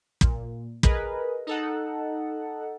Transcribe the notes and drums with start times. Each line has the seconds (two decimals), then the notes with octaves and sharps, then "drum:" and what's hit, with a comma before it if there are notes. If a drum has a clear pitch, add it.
0.21 A#2, drum: kick
0.83 G#4 A#4 B4 D#5, drum: kick
1.47 D#4 A4 F#5